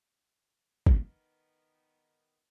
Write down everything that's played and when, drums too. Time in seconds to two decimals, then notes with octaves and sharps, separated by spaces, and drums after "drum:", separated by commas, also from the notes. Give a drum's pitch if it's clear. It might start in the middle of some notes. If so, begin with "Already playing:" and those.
0.86 D#3 B3, drum: kick